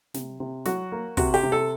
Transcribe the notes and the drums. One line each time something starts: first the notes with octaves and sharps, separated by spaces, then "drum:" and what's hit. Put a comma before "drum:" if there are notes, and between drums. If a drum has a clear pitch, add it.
C3, drum: snare
C3
F#3 F#4, drum: snare
A#3
C3 F#4, drum: kick, open hi-hat
G4, drum: open hi-hat
C3
A4